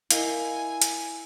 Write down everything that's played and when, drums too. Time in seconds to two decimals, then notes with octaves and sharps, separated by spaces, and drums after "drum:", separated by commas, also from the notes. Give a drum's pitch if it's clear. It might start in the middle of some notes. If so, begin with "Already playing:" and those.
0.11 E4 A#4 D#5 F5 G#5, drum: hi-hat
0.82 drum: hi-hat